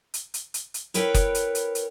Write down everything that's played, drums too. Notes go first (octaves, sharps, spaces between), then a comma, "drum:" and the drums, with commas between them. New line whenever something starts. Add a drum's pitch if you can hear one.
drum: hi-hat
drum: hi-hat
drum: hi-hat
drum: hi-hat
E4 A#4 B4 C#5 G5, drum: hi-hat
drum: kick F#1, hi-hat
drum: hi-hat
drum: hi-hat
drum: hi-hat